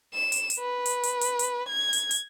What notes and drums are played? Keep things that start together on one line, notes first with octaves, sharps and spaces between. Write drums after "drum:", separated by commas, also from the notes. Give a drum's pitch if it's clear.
E7
drum: hi-hat
drum: hi-hat
B4
drum: hi-hat
drum: hi-hat
drum: hi-hat
drum: hi-hat
G#6
drum: hi-hat
drum: hi-hat